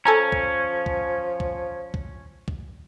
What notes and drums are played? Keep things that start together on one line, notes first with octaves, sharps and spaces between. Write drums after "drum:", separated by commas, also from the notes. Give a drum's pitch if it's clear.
F3 C#4 A4 G#5 A#5
drum: kick
drum: kick
drum: kick
drum: kick
drum: kick